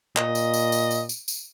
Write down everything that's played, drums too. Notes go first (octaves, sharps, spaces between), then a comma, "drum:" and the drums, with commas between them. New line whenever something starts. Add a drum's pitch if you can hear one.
A#2 D#5, drum: clap
drum: tambourine
drum: tambourine
drum: tambourine
drum: tambourine
drum: tambourine
drum: tambourine